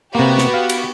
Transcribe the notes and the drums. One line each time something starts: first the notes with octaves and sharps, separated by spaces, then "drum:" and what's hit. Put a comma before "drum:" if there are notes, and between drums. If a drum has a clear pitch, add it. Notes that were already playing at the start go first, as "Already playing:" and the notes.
C3 A#3 B3 F#4 G4
drum: snare
F5
drum: cymbal